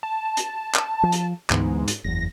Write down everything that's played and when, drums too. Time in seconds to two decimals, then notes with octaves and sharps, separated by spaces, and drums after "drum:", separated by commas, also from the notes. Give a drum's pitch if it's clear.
0.03 A5
0.37 drum: hi-hat
0.75 drum: clap
1.03 F3
1.12 drum: hi-hat
1.50 D2 G#2 E3 B3, drum: clap
1.88 drum: hi-hat
2.04 F#1 E2 A#6